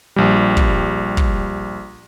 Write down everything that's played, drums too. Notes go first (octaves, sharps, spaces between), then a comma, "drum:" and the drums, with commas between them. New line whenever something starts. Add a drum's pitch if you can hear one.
A#1 G3
drum: kick
drum: kick